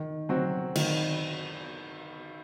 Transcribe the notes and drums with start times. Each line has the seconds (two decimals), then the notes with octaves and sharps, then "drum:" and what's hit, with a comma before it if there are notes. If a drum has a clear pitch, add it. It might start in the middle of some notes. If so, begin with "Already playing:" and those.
Already playing: D#3
0.29 F#3 C4 F#4
0.76 D#3, drum: cymbal